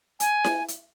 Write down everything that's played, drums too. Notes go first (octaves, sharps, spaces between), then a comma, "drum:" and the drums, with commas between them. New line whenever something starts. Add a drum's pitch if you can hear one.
G#5, drum: hi-hat
drum: snare E4
drum: hi-hat